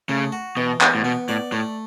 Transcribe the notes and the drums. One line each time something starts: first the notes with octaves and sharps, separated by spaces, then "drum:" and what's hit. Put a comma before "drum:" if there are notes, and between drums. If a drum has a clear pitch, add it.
C#3 A3
F#4
B2 E3
B3, drum: clap
A2
B2 B3
A2 D5
A2 A3